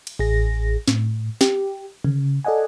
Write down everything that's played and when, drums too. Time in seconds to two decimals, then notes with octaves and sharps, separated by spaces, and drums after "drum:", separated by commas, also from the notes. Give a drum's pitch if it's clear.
0.07 drum: cymbal
0.19 A1 G#4 A#6
0.88 A2, drum: snare
1.41 G4, drum: snare
2.04 C#3, drum: tom D3
2.45 A4 D5 D#5 F#5 G#5